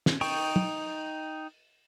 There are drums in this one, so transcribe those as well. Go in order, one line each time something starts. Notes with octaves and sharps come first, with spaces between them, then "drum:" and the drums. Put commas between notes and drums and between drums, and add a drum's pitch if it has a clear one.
drum: snare
D#4 G5 C#6, drum: open hi-hat
drum: tom